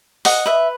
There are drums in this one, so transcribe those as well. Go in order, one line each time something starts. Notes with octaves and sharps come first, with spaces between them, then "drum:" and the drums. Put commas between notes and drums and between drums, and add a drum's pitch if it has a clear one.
D#5 F#5, drum: open hi-hat
B4 E5